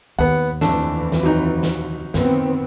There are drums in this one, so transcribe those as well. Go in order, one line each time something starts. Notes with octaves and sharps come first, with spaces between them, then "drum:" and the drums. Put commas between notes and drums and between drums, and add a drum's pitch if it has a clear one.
D#2 B3 F#5
F2 E3 A3 D4, drum: snare
drum: snare
F#3 D#4
drum: snare
F#2 D#3 B3 C4, drum: snare